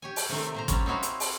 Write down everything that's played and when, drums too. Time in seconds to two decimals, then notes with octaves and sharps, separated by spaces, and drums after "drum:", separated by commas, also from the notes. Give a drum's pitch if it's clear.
0.02 G4 C#5 G#5
0.16 drum: open hi-hat
0.29 C3 D#3 A3
0.54 A#2 C5 A#5
0.68 F#3 G3 C4 C#4, drum: kick, hi-hat
0.86 C4 D#4 E4 F#4 C#5 F5
1.03 drum: hi-hat
1.20 drum: open hi-hat